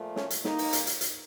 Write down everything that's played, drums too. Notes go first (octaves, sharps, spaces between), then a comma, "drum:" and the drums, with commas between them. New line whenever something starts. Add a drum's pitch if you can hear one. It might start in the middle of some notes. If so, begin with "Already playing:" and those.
Already playing: A#2 F3 A3
C#4, drum: snare
drum: hi-hat
D#2 D#3 A#3 D#4, drum: snare
drum: open hi-hat
drum: hi-hat
drum: hi-hat
drum: hi-hat